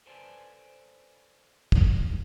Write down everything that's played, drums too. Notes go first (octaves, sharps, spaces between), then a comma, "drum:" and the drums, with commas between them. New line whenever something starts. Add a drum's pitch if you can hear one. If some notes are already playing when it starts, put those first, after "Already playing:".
A4 B4 C5 D5 G#5 A5
drum: kick